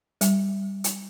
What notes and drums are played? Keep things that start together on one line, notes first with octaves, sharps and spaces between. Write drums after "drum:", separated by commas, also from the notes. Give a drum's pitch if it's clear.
G3, drum: hi-hat
drum: hi-hat